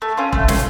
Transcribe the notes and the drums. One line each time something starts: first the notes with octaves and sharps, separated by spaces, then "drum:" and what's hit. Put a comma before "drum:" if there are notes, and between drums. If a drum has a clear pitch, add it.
A3
C#4 F4
A3, drum: kick E1
C#4 F4, drum: snare